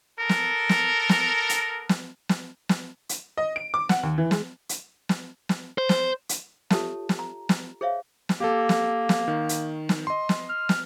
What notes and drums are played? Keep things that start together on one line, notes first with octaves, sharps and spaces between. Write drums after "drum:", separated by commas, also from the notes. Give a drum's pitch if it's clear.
B3 A4 A#4
drum: snare
drum: snare
drum: snare
drum: hi-hat
drum: snare
drum: snare
drum: snare
drum: hi-hat
D#5
D7
D6
F#5, drum: snare
D#2
E3
G#3, drum: snare
drum: hi-hat
drum: snare
drum: snare
C5
drum: snare
drum: hi-hat
F4 G4 A4 C#5 E5 A5, drum: snare
drum: snare
A#5
drum: snare
G#4 C5 C#5 E5 F5
drum: snare
A#3 G4 A4
drum: snare
drum: snare
D#3
drum: hi-hat
drum: snare
D#5 C6
drum: snare
F6
drum: snare